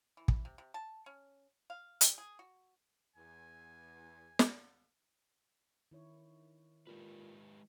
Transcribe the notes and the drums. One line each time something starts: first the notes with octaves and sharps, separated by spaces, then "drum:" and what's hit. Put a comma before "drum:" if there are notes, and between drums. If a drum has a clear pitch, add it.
E3
drum: kick
C3
C3
A5
C#4
F5
G3, drum: hi-hat
G#4
F#4
E2 G#5
drum: snare
D#3 E4 C#5
A#2 G#3 G4 B4